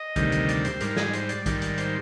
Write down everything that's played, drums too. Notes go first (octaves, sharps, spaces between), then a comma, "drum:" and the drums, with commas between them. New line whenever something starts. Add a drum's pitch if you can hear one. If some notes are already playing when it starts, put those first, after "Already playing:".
Already playing: D#5
D2 C3 D#3 G3, drum: kick, hi-hat
drum: hi-hat
D5, drum: hi-hat
C5, drum: hi-hat
G#2 G3 A#4, drum: hi-hat
G#4, drum: snare
C5, drum: hi-hat
D5, drum: hi-hat
G#2 D#3 G3 D5, drum: kick, hi-hat
drum: hi-hat
C5, drum: hi-hat